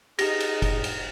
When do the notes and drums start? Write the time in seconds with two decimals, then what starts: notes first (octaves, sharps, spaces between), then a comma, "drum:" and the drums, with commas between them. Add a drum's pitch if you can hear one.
0.19 D#4 G4 G#4 A#6, drum: cymbal
0.40 drum: cymbal
0.62 drum: kick F#1, cymbal
0.84 drum: cymbal